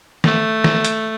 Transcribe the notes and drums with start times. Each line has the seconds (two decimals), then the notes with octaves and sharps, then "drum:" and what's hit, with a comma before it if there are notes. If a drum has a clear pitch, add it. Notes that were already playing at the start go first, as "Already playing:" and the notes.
0.24 A3, drum: snare
0.64 drum: snare
0.85 drum: hi-hat